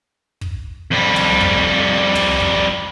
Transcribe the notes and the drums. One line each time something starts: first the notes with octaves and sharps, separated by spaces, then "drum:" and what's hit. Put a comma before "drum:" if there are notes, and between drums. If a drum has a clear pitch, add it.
drum: kick
F2 G3
drum: tom
drum: kick
drum: tom
drum: kick